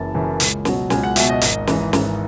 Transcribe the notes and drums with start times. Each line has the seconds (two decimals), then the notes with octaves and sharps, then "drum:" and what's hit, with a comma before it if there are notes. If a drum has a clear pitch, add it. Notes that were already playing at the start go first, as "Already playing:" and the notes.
Already playing: F#1 F#2 C#3 E3 A5
0.14 F#2 C#3 E3
0.40 C#2, drum: hi-hat
0.65 B2 F#3, drum: snare
0.90 C#2 G#5, drum: snare
1.03 F#5
1.16 B2 F#3 E5, drum: hi-hat
1.29 D#5
1.41 G#1 D#5, drum: hi-hat
1.67 G#2 E3, drum: snare
1.93 G#1, drum: snare